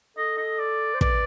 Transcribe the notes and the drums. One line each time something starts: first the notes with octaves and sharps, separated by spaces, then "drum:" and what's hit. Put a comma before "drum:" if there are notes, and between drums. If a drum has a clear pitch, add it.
A4 D#5
D#5
D5
C5
B4 D5, drum: kick